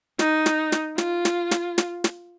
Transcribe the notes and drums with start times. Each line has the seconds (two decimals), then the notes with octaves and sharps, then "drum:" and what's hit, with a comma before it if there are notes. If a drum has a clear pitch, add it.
0.19 D#4, drum: snare
0.46 drum: snare
0.72 drum: snare
0.98 F4, drum: snare
1.25 drum: snare
1.51 drum: snare
1.78 drum: snare
2.04 drum: snare